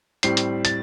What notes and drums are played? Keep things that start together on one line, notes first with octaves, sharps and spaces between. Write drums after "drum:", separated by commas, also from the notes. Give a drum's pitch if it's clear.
A2 G3 C4 C7, drum: hi-hat
drum: hi-hat
A6, drum: hi-hat